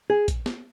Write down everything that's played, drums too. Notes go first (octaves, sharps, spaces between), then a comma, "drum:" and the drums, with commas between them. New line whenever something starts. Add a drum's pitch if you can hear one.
G#4
drum: kick A#1, hi-hat
drum: snare